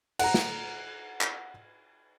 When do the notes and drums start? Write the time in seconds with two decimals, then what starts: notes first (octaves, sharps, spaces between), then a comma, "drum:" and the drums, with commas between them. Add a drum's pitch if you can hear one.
0.19 F#5 A#5, drum: cymbal
0.34 drum: snare
1.21 drum: clap